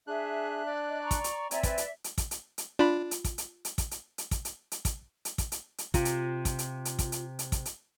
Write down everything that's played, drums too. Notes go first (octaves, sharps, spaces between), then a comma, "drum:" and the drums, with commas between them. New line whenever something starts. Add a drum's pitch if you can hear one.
D4 G#4 E5 F#6
D5
D#5
A#5 C#6
drum: kick, hi-hat
drum: hi-hat
C4 D5 E5 G#5 A#5, drum: hi-hat
B4, drum: kick, hi-hat
drum: hi-hat
drum: hi-hat
drum: kick, hi-hat
drum: hi-hat
drum: hi-hat
D4 F4 B5
drum: hi-hat
drum: kick, hi-hat
drum: hi-hat
drum: hi-hat
drum: kick, hi-hat
drum: hi-hat
drum: hi-hat
drum: kick, hi-hat
drum: hi-hat
drum: hi-hat
drum: kick, hi-hat
drum: hi-hat
drum: kick, hi-hat
drum: hi-hat
drum: hi-hat
C3 F4, drum: kick, hi-hat
drum: hi-hat
drum: kick, hi-hat
drum: hi-hat
drum: hi-hat
drum: kick, hi-hat
drum: hi-hat
drum: hi-hat
drum: kick, hi-hat
drum: hi-hat